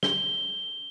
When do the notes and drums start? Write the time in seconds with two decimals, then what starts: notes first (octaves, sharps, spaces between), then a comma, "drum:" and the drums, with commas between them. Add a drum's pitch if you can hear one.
0.03 G7, drum: snare